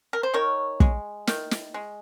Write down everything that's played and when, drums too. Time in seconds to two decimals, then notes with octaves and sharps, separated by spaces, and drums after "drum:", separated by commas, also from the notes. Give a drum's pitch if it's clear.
0.13 A#4
0.23 C5
0.34 D#3 A#4 C#5
0.80 G#3, drum: kick
1.27 D#3, drum: snare
1.51 drum: snare
1.74 G#3